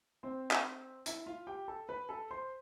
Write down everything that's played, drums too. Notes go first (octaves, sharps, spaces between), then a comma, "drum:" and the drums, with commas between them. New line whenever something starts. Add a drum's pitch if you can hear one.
C4 C5
drum: clap
E4 E5, drum: hi-hat
F4 F5
G4 G5
A4 A5
B4 B5
A4 A5
C5 C6